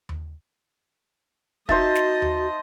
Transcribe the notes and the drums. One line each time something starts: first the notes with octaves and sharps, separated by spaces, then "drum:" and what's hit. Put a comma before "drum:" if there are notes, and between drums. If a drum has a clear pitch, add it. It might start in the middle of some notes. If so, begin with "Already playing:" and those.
drum: tom D#2
D#4 F#4 C5 D#5 E5 A5, drum: kick
drum: snare
drum: tom D#2